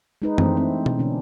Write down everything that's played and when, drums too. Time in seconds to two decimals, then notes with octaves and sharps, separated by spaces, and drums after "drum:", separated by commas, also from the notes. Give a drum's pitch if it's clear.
0.22 G#3 D#4 B4
0.38 E3 A3 C4 D4, drum: tom F#2
0.57 C4
0.86 drum: tom B2
0.99 B2 D3 C#4 D4